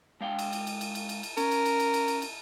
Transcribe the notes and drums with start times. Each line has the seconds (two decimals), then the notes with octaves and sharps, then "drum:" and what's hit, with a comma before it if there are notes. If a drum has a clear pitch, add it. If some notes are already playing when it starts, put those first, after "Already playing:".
0.21 G#3 F5 G5
0.39 drum: cymbal
0.53 drum: cymbal
0.67 drum: cymbal
0.81 drum: cymbal
0.95 drum: cymbal
1.09 drum: cymbal
1.23 drum: cymbal
1.37 C#4 A#4, drum: cymbal
1.51 drum: cymbal
1.65 drum: cymbal
1.80 drum: cymbal
1.94 drum: cymbal
2.08 drum: cymbal
2.22 drum: cymbal